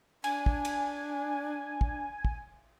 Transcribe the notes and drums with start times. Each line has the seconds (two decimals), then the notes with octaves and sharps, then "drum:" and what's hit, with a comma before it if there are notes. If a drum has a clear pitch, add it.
0.24 D4 G#5, drum: cymbal
0.46 drum: kick
0.65 drum: cymbal
1.81 drum: kick
2.25 drum: kick